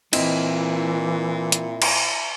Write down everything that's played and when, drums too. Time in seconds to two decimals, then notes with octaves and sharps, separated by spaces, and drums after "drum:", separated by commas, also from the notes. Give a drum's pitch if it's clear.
0.13 A#2 E3 C4 E4 D#5, drum: cymbal
1.52 drum: hi-hat
1.82 drum: cymbal